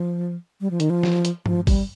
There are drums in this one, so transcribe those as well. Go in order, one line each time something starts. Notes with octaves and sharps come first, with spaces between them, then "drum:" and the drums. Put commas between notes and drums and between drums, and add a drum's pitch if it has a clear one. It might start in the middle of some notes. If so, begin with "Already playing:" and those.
Already playing: F3
G3
F3
D#3, drum: hi-hat
F3
drum: snare
drum: hi-hat
F3, drum: tom G2
G3, drum: kick, open hi-hat